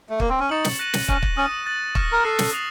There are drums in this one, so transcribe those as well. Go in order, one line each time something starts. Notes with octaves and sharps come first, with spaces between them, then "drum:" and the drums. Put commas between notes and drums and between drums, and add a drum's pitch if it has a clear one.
A3
A#3, drum: kick
C4
C#4
D#4 C#6 A6 C#7 F#7
drum: snare
F#6 A#6 D#7 F#7
drum: snare
C#4 F#6 A#6 D#7, drum: kick
drum: kick
C#4 D#6 A6 D#7
F#6 A6 D#7
C#6 F6 A#6 C#7, drum: kick
A#4
A4 F6 C7 D#7
drum: snare
D#6 A6 C7 F7